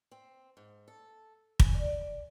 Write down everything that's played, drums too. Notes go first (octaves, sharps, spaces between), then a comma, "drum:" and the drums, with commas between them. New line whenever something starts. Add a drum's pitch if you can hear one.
C4
G#2
A4
G#5, drum: kick
D5